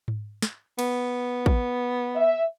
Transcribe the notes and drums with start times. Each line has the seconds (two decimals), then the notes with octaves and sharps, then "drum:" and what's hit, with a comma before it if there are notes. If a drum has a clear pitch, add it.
0.08 drum: tom G#2
0.42 drum: snare
0.79 B3, drum: cymbal
1.46 drum: kick
2.16 E5